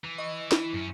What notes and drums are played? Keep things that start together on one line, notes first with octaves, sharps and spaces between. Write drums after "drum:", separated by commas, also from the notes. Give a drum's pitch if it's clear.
E3
D#5 C#6
E4, drum: snare
F#2 C#4